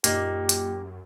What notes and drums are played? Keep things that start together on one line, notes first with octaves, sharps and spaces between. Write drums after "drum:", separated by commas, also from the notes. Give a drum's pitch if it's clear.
F#2 A#2 A#3 D#4 G4, drum: hi-hat
drum: hi-hat